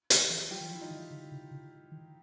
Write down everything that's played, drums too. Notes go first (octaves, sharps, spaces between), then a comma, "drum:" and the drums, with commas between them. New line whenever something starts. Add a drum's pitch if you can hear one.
D#3, drum: hi-hat
E3
F#3 F4 G4
E3
F3
E4
D#4 F4
D#3
D3
C#3
C#3
D#3